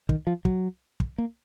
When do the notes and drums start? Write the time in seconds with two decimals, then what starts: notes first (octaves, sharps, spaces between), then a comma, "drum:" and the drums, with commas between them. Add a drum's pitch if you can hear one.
0.09 D#3, drum: kick
0.27 F3
0.45 F#3, drum: kick
1.00 drum: kick
1.18 A#3